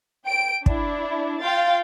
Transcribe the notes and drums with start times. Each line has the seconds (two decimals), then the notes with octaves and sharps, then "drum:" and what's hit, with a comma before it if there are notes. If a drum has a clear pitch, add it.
0.24 G5 D7
0.66 D4 E4, drum: kick
1.42 F4 F5 G5 A6